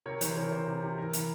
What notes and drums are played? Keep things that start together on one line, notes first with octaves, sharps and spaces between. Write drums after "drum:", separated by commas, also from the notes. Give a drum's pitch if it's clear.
C3 A#4 C#5
E3 C5, drum: hi-hat
C3 A#4 C#5
C3 C5
C3
C3
E3 A#4
E3, drum: hi-hat